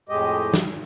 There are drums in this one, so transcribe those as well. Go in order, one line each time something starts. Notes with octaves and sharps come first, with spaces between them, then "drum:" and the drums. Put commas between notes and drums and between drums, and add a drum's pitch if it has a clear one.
F2 A2 G#3 G4 D#5
drum: snare